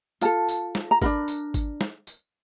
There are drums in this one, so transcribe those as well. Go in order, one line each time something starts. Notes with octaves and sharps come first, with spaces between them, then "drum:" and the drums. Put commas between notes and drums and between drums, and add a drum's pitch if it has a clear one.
F4 A4 A5, drum: tambourine
drum: tambourine
drum: snare
A#5
D4 F4 A#4 B5, drum: kick G#1, tambourine
drum: tambourine
drum: kick G#1, tambourine
drum: snare
drum: tambourine